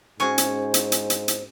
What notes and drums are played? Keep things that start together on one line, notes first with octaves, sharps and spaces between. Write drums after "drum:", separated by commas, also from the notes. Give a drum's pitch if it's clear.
G#2 C#4 F#4 G#4 C5 G#5 C#6
drum: hi-hat
drum: hi-hat
drum: hi-hat
drum: hi-hat
drum: hi-hat